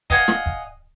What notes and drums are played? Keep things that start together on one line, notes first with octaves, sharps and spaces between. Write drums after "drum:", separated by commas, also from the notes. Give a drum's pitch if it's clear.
D#5 F5 F#5 G#5, drum: kick
drum: rim click
drum: kick